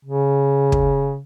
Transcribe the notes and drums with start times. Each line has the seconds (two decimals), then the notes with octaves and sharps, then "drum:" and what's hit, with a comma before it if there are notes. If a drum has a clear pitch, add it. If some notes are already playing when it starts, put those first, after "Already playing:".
0.05 C#3
0.72 drum: kick